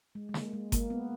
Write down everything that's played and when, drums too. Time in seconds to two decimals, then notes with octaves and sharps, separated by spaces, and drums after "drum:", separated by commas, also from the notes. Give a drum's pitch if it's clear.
0.15 G#3
0.29 G#3
0.34 A#3, drum: snare
0.53 G#3
0.72 A#3, drum: kick G1, hi-hat
0.90 B3